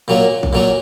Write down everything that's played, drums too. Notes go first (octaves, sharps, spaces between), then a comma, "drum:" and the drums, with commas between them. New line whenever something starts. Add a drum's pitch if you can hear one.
A#2 F#3 A#3
drum: kick A1
A#2 F#3 A#3